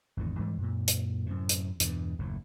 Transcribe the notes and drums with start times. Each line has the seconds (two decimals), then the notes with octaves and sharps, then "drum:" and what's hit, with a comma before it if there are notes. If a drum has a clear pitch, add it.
0.17 G#1 E2 D3
0.39 G#2 E3 G3 G#3
0.58 F#2 A#2
0.88 drum: hi-hat
1.26 F#2 A2 C3
1.49 drum: hi-hat
1.80 E2 G2 B2, drum: hi-hat
2.19 F#1 D#2 A2